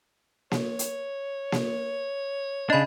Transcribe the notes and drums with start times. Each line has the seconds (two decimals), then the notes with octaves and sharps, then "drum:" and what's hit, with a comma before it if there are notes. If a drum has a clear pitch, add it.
0.51 C#5, drum: snare A#3
0.79 drum: hi-hat
1.52 drum: snare A#3
2.70 C#3 D4 D#5 B5